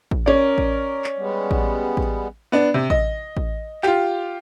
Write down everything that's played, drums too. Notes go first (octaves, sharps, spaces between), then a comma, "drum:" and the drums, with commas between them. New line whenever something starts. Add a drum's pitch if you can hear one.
drum: kick A1
C#4 A#4 D5
drum: kick A1
drum: clap
G3 G#3 B3
drum: kick A1
drum: kick A1
B3 D4
C3
D#5, drum: kick A1
drum: kick A1
F4 G4, drum: clap